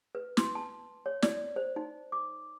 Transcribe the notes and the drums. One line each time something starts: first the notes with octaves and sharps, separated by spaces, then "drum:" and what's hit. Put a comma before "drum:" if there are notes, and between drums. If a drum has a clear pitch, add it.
B4
C6, drum: snare
A5
C#5
D5, drum: snare
C5
D#4
D6